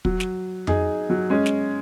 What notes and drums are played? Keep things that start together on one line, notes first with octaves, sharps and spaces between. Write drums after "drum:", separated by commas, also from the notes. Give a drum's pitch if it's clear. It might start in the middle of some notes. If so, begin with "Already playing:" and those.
F#3, drum: kick
drum: snare
D#4 G#4, drum: tom F2
F#3
G#3 C#4
drum: snare